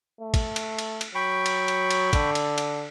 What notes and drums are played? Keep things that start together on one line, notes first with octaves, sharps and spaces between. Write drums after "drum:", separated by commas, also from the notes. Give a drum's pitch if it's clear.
A3
drum: kick, cymbal
drum: cymbal
drum: cymbal
drum: cymbal
F#3 G5 B5 C#6
drum: cymbal
drum: cymbal
drum: cymbal
D3, drum: kick, cymbal
drum: cymbal
drum: cymbal